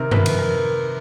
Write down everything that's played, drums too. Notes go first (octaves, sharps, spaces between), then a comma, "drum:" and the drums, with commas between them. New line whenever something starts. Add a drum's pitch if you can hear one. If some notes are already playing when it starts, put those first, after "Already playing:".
Already playing: C3 D#3 A#4
B4, drum: tom F#2
drum: cymbal
A#4